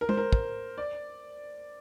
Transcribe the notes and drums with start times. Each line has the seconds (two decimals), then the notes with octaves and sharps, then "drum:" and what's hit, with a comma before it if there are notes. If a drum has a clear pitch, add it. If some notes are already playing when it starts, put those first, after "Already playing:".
0.01 A#4
0.09 C5, drum: tom G#3
0.17 A#4
0.33 drum: kick
0.78 D5